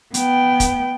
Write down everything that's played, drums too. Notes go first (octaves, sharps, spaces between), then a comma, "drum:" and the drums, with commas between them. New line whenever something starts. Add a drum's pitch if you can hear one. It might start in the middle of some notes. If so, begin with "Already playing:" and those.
B3 G5, drum: hi-hat
drum: kick, hi-hat